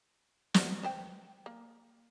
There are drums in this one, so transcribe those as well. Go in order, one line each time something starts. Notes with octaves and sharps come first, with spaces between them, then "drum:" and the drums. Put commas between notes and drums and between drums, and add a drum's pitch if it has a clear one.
G3 B3 F#4, drum: snare
B4 C5 G5
A#3